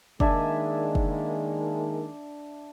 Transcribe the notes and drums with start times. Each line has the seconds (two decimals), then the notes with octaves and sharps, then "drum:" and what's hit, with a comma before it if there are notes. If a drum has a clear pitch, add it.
0.20 D#3 G#3 A#3 D4 E5 G#5, drum: kick
0.95 drum: kick